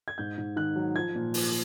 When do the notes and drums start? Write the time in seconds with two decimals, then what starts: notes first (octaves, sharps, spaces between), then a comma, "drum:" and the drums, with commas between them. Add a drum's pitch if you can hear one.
0.08 G#6
0.18 G#2 G6
0.38 G#2
0.56 D#3 F#6
0.76 F#3
0.95 F3 G#6
1.15 A#2
1.34 F3, drum: open hi-hat